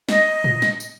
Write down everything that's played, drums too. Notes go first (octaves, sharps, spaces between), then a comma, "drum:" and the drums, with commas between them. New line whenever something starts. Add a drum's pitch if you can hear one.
D#5, drum: snare
drum: tom A2
drum: snare
drum: tambourine